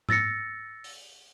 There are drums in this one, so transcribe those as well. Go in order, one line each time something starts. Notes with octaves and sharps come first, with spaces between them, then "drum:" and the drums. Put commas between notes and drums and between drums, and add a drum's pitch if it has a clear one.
E6 A6 A#6 C#7, drum: tom G#2
drum: open hi-hat